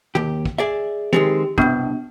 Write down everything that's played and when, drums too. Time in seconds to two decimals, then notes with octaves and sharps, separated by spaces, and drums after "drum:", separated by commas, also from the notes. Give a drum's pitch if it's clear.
0.15 D#2 G4, drum: tom
0.45 drum: kick
0.58 G#4 D5 E5
1.13 D#3 G#3 C4 G4, drum: tom
1.58 C2 B2 B3 D4, drum: kick